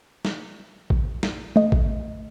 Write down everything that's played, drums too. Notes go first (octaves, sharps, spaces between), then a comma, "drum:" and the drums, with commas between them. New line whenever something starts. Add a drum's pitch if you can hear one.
drum: snare
drum: kick A1
drum: snare
A3 D#5
drum: kick A1